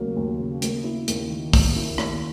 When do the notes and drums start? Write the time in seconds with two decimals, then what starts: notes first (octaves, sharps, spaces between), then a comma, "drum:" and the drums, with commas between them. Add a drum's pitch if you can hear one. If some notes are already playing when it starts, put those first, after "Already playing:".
Already playing: D#2 C#3 F#3 A#3
0.16 D#2
0.39 C#3
0.62 A#3, drum: hi-hat
0.84 E4
1.08 D#2, drum: hi-hat
1.30 D#3
1.53 A#3, drum: kick, open hi-hat
1.76 E4
1.98 D#2, drum: rim click